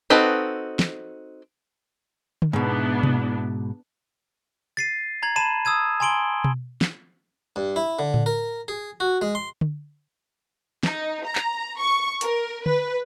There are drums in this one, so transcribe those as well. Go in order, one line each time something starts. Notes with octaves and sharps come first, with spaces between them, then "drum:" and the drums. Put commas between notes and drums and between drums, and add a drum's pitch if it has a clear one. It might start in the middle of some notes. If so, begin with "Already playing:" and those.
C4 D#4 F#4 A4 B4
drum: snare
drum: tom D3
G#2 B2 B3 D4 E4
drum: tom B2
A6 C7 D#7
A#5 G#6 F#7
A5 B5 D#7 E7
D#6 E6 G#6 D#7
G#5 A#5 C6 D7 F#7 G7
drum: tom B2
drum: snare
G2
E4
D3
drum: tom A2
A#4
G#4
F#4
G#3
C6
drum: tom D3
D#4, drum: snare
A#5
drum: clap
C#6
A#4, drum: hi-hat
B4, drum: tom D3